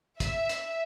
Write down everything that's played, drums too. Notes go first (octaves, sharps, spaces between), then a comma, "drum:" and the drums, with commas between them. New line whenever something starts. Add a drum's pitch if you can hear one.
E5, drum: kick, hi-hat
drum: hi-hat